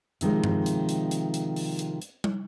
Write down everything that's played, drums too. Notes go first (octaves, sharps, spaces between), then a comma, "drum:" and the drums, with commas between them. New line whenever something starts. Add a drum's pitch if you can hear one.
C3 D#3 F3 G#3, drum: hi-hat
drum: tom G2
drum: hi-hat
drum: hi-hat
drum: hi-hat
drum: hi-hat
drum: open hi-hat
drum: hi-hat
drum: hi-hat
drum: tom G3